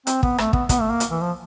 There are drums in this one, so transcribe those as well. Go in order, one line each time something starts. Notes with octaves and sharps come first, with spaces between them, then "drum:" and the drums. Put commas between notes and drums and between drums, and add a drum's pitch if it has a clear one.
C4, drum: hi-hat
B3, drum: kick
A3, drum: rim click
B3, drum: kick
B3, drum: kick, hi-hat
A3
A#3
drum: hi-hat
E3
F3